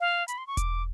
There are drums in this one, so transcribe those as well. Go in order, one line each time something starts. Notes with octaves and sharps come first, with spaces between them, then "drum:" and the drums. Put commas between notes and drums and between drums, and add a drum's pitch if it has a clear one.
F5
B5, drum: hi-hat
C6
C#6
D6, drum: kick E1, hi-hat